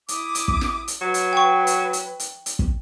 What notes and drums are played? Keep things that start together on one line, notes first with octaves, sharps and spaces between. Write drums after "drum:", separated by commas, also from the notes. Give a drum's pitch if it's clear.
E4 D6 D#6, drum: hi-hat
drum: hi-hat
drum: kick
drum: snare
drum: hi-hat
F#3 B4
drum: hi-hat
G5 C#6
drum: hi-hat
drum: hi-hat
drum: hi-hat
drum: hi-hat
drum: kick